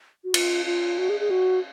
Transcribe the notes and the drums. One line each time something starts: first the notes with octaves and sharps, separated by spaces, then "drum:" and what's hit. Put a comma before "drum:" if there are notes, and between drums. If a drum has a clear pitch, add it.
F#4
F4, drum: cymbal
F4
F#4
G#4
G#4
F#4